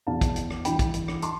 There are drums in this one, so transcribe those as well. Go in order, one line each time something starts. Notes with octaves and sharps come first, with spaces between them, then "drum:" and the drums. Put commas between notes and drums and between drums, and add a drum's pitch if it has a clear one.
E2 B2 F5 A5
drum: kick, hi-hat
drum: hi-hat
drum: rim click
G2 E3 G5 B5, drum: hi-hat
drum: kick, hi-hat
drum: hi-hat
drum: rim click
A5 C6, drum: hi-hat